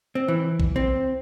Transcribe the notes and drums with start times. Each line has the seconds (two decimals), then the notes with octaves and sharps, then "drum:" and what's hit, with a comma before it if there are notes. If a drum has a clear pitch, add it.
0.15 C4
0.28 E3
0.60 drum: kick A#1
0.76 C4